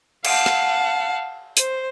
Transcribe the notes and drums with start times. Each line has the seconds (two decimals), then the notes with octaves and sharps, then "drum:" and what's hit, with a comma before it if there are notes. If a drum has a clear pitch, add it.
0.24 F5 F#5 A5, drum: cymbal
0.46 drum: rim click
1.57 C5, drum: hi-hat